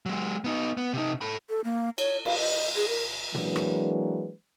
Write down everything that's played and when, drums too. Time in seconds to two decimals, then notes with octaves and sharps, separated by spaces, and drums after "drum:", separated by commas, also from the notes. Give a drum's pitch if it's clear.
0.06 F#3 G#3
0.44 B3 D#4
0.77 B3
0.93 C3 D#4
1.21 A4 B5
1.50 A4
1.64 A#3
1.98 C#5, drum: cymbal
2.25 F5, drum: cymbal
2.38 D#5
2.76 G#4
2.88 A#4
3.35 E3 F#3 G#3 A#3 D4 B4, drum: tom
3.56 drum: rim click